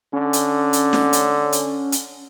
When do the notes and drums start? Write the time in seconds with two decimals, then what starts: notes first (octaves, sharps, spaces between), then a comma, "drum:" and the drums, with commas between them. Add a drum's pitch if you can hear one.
0.13 D3 C#4
0.33 drum: hi-hat
0.73 drum: hi-hat
0.93 drum: snare
1.13 drum: hi-hat
1.52 drum: hi-hat
1.92 drum: hi-hat